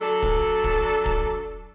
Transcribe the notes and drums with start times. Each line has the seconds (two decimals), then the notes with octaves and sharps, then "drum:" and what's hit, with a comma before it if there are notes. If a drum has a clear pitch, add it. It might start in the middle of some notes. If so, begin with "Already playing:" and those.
0.02 F#3 D4 A4
0.23 drum: kick
0.64 drum: kick
1.06 drum: kick